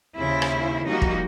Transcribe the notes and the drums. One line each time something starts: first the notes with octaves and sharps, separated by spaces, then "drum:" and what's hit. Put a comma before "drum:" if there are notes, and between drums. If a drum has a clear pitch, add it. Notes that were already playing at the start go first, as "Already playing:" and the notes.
D#2 C#3 E4 C5
drum: rim click
F3 G3 A#3 D#4 F#4
drum: kick